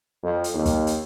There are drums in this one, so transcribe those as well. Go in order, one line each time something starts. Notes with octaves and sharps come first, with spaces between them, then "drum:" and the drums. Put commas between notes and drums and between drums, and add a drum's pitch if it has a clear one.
F2
drum: hi-hat
D#2
drum: kick, hi-hat
drum: hi-hat